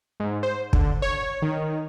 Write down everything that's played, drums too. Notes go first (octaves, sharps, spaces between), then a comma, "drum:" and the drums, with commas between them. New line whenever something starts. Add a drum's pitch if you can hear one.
G#2
C5
D3, drum: kick
C#5
D#3